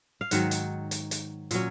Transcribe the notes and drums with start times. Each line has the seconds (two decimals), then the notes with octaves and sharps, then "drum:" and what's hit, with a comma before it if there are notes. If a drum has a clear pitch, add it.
0.21 F5
0.31 G#2 D#3 F#3 F#5, drum: hi-hat
0.51 drum: hi-hat
0.91 drum: hi-hat
1.11 drum: hi-hat
1.51 A#2 F#3 C#4, drum: hi-hat